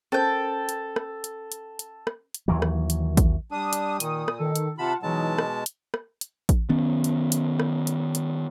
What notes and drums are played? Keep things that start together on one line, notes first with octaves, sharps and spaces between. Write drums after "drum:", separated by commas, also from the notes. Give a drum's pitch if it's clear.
C#4 A4 A#4 C5 G5
drum: hi-hat
drum: rim click
drum: hi-hat
drum: hi-hat
drum: hi-hat
drum: rim click
drum: hi-hat
D#2 E3 F#3
drum: rim click
drum: hi-hat
drum: kick A1, hi-hat
G3 D4 D#6
drum: hi-hat
A#2 D#3, drum: hi-hat
drum: rim click
D#3 A4
drum: hi-hat
C3 F4 F#5 A5 B5
B2 E3 F#3 G#3 D#4 A5
drum: rim click
drum: hi-hat
drum: rim click
drum: hi-hat
drum: kick A1, hi-hat
D#3 B3 C#4
drum: hi-hat
drum: hi-hat
drum: rim click
drum: hi-hat
drum: hi-hat